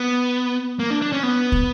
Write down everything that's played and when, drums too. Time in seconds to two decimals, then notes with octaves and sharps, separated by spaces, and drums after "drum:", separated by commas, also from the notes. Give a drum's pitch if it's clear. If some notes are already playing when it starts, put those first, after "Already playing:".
Already playing: B3
0.79 A#3
0.90 D4
1.02 D4
1.12 C#4
1.23 B3
1.52 drum: kick